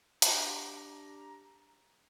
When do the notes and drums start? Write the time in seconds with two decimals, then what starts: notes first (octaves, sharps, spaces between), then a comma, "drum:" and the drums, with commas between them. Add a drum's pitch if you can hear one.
0.22 D4 G4 A#5, drum: hi-hat